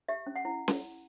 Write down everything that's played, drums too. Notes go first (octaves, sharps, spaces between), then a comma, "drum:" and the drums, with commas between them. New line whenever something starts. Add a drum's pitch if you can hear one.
G4 E5
C#4
F#5
E4
drum: snare C#4